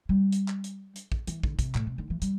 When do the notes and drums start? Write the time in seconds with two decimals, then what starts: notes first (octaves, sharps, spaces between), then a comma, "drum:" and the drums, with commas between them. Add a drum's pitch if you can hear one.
0.09 G3
0.32 drum: hi-hat
0.48 drum: clap
0.64 drum: hi-hat
0.96 drum: hi-hat
1.12 drum: kick
1.27 E3, drum: hi-hat
1.43 D3, drum: kick
1.59 C3, drum: kick, hi-hat
1.75 A2, drum: clap
1.87 C3
1.98 D3
2.10 E3
2.22 G3, drum: hi-hat